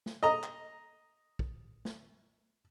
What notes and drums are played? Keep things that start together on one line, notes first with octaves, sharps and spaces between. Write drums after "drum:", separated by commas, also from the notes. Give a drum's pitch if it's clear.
drum: snare
D#5 A#5
drum: clap
drum: kick
drum: snare